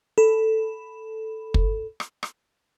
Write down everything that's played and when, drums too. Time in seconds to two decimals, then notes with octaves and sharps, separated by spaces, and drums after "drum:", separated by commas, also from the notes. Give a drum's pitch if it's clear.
0.18 A4 B5
1.54 drum: kick
2.00 drum: rim click
2.23 drum: rim click